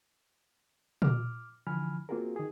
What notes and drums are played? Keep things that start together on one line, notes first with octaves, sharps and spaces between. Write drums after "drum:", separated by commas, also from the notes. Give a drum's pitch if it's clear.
D6 F6, drum: tom
D3 E3 F3 G#5 B5 F6
A#3 C4 F4 F#4 G#4 A#4
D#3 G#4